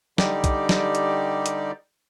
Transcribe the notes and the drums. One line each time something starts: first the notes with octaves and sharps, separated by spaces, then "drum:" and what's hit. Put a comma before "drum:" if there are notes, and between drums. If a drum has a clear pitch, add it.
D3 G3 D#4 G4 D5, drum: snare
drum: kick, hi-hat
drum: snare
drum: hi-hat
drum: hi-hat